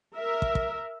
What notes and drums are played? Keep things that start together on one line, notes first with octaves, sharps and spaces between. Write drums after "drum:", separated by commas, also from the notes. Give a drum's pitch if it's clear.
A#4 E5
drum: kick
drum: kick